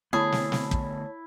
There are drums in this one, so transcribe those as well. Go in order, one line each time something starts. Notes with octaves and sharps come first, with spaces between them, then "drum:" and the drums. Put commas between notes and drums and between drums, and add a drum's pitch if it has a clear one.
D3 A3 B3 E4 G#4 C#5 A5
drum: snare
drum: snare
drum: kick